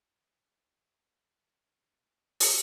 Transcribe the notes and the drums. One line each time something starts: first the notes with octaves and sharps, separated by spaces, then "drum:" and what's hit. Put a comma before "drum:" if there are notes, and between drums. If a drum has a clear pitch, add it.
D#5
D4
F4
G4
G#5
drum: open hi-hat